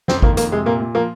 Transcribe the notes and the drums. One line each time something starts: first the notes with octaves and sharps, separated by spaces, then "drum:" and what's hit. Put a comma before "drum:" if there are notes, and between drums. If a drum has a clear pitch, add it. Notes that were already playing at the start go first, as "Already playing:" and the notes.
F2 C4, drum: snare
D#3 A#3, drum: kick G#1
F2 A#3, drum: hi-hat
C3 G#3
A#2 A#3
A#2
F3 A#3